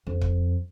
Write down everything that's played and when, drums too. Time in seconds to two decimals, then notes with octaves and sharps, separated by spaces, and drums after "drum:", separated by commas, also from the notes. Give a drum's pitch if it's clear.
0.07 F2
0.21 drum: kick